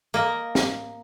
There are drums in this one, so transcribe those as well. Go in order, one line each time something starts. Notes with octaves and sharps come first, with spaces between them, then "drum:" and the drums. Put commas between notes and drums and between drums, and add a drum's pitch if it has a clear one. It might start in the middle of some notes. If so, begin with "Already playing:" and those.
A#3 D#5
drum: snare